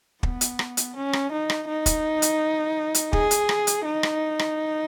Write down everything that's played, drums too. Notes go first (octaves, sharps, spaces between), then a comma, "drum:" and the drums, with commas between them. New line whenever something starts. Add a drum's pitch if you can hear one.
B3, drum: kick
drum: hi-hat
drum: rim click
drum: hi-hat
C#4
drum: rim click
D#4
drum: rim click
D#4
drum: kick, hi-hat
drum: hi-hat
drum: hi-hat
G#4, drum: kick
drum: hi-hat
drum: rim click
drum: hi-hat
D#4
drum: rim click
drum: rim click